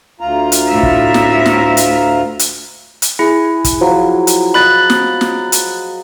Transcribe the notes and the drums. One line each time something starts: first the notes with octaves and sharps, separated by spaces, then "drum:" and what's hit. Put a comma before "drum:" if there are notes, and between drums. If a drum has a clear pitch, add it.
D2 F4 A#5
drum: hi-hat
A2 E5
drum: kick
drum: snare
drum: snare
drum: hi-hat
drum: hi-hat
drum: hi-hat
E4 G#4
drum: kick, hi-hat
F3 F#3
drum: hi-hat
D#5 B5 F#6 A6
drum: snare
drum: snare
drum: hi-hat